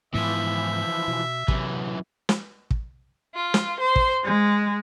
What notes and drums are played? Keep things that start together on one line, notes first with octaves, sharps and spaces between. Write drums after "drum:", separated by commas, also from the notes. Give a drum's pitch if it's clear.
G#2 E3 F3 B3 E5
B2
F#2 C3 E3, drum: kick
drum: snare
drum: kick
F4
drum: snare
C5
drum: kick
G#3